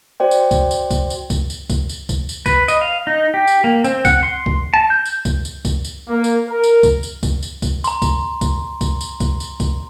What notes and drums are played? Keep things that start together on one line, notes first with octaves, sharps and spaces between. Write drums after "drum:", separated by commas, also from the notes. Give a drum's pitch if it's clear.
F#4 C5 D5 G5
drum: tambourine
drum: kick C#2, tambourine
drum: tambourine
drum: kick C#2, tambourine
drum: tambourine
drum: kick C#2, tambourine
drum: tambourine
drum: kick C#2, tambourine
drum: tambourine
drum: kick C#2, tambourine
drum: tambourine
B4, drum: kick C#2, tambourine
D#5, drum: tambourine
F5
D#4
G4
drum: tambourine
A#3
C4, drum: tambourine
F#5, drum: kick C#2, tambourine
C6
drum: kick C#2
A5
G6
drum: tambourine
drum: kick C#2, tambourine
drum: tambourine
drum: kick C#2, tambourine
drum: tambourine
A#3
drum: tambourine
A#4
drum: tambourine
drum: kick C#2, tambourine
drum: tambourine
drum: kick C#2, tambourine
drum: tambourine
drum: kick C#2, tambourine
A#5 C6, drum: tambourine
drum: kick C#2, tambourine
drum: kick C#2, tambourine
drum: kick C#2, tambourine
drum: tambourine
drum: kick C#2, tambourine
drum: tambourine
drum: kick C#2, tambourine